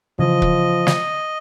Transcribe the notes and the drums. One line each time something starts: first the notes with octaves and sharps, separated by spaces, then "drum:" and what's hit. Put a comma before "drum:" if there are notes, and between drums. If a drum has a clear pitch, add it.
C#3 E3 F3 D#5
drum: kick
drum: snare